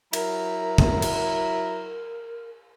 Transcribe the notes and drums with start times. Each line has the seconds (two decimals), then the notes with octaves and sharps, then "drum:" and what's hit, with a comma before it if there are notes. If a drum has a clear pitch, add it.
0.13 F#3 E4 A#4 A#5, drum: cymbal
0.78 drum: kick
1.02 drum: cymbal